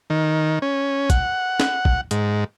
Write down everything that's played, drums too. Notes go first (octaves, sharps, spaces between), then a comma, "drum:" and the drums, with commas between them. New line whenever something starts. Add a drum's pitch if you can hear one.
D#3
C#4
F#5, drum: kick, hi-hat
drum: snare
drum: kick
G#2, drum: hi-hat